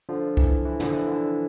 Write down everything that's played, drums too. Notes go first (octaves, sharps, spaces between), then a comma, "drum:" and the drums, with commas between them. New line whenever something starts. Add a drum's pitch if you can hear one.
D3 F3
E3, drum: kick C2
E3
D3 F3, drum: tom
E3
D3